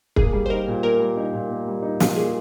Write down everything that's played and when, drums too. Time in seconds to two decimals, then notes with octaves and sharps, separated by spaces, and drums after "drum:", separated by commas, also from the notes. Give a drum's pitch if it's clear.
0.16 A#3 G#4, drum: kick
0.33 G3
0.46 C5
0.50 D#4 A#4
0.67 A#2
0.83 A#3 A#4
1.00 G3
1.17 D#4
1.33 A#2
1.51 A#3
1.67 G3
1.83 D#4
2.00 A#2, drum: snare
2.16 A#3 G#4